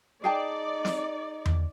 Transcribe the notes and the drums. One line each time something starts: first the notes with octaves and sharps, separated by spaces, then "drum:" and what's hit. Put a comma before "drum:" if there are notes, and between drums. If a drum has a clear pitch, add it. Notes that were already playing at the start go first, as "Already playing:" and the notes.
D#4 G#4 D5 G5 A5
drum: snare
drum: tom E2